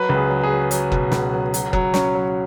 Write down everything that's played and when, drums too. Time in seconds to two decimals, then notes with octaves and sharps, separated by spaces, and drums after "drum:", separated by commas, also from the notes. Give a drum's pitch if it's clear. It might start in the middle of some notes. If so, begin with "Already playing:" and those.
Already playing: F#3 B4
0.09 C#2
0.16 G#4
0.30 F#3
0.43 G#4
0.50 F#3
0.71 F#3, drum: hi-hat
0.92 B2, drum: kick F#1
1.12 C#2, drum: snare
1.33 F#3
1.54 F#3, drum: hi-hat
1.73 F#3, drum: kick F#1
1.94 C#4, drum: snare
2.15 F#3